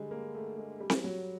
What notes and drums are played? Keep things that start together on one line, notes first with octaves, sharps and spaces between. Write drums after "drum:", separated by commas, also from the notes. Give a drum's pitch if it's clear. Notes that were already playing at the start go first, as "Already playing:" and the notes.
Already playing: D3 G3 G#3
A#3
A3
G#3
G3
drum: snare C4
F#3